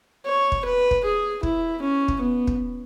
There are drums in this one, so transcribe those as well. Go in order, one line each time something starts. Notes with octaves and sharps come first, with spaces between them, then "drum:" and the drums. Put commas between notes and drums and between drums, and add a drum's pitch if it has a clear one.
C#5
drum: kick
B4
drum: kick
G#4
E4, drum: kick
C#4
drum: kick
B3
drum: kick